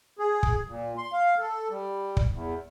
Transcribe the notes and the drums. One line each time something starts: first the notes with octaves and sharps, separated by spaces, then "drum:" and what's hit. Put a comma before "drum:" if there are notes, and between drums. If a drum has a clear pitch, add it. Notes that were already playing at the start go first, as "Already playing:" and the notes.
G#4
drum: kick
A#2
C6
F5
A4
G3
drum: kick
E2